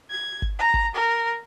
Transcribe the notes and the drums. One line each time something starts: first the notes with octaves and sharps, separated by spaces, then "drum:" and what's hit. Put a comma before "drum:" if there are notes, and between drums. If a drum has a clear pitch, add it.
G#6
drum: kick G1
A#5
drum: kick G1
A#4